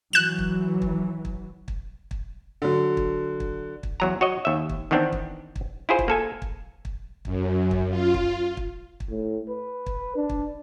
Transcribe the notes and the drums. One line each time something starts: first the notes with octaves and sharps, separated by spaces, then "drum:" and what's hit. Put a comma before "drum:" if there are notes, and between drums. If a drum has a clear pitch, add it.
E3 F#3 F#6 E7
drum: kick
drum: kick
drum: kick
drum: kick
drum: kick
D3 F#3
drum: kick
drum: kick
drum: kick
E2 F#3 A#5
F#4 C#5 D#5
D#2 E5
drum: kick
D#3 E3 B3 C4 D4
drum: kick
drum: kick
E4 F4 G#4 C5
drum: kick
A#3 A4 G#5
drum: kick
drum: kick
F#2, drum: kick
drum: kick
F4
drum: kick
drum: kick
drum: kick
A2
B4
drum: kick
D4
drum: kick